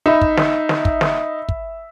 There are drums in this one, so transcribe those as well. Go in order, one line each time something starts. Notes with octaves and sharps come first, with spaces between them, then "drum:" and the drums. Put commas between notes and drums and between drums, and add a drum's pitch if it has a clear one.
D#4 E5 B5
drum: kick
drum: snare
drum: snare
drum: kick
drum: snare
drum: kick